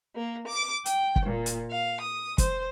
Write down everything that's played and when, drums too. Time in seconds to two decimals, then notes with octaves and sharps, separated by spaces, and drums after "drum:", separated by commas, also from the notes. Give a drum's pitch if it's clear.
0.15 A#3
0.46 D6
0.86 G5, drum: hi-hat
1.16 drum: kick
1.26 A#2
1.46 drum: hi-hat
1.70 F5
2.00 D#6
2.38 C5, drum: kick, hi-hat